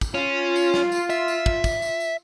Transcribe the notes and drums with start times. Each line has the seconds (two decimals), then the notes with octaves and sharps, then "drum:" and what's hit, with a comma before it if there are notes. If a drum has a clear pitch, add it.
0.01 drum: kick, tambourine
0.15 C#4 F4
0.56 drum: tambourine
0.74 drum: snare
0.92 drum: tambourine
1.10 E5, drum: tambourine
1.28 drum: tambourine
1.46 drum: kick
1.64 drum: kick, tambourine
1.82 drum: tambourine
2.00 drum: tambourine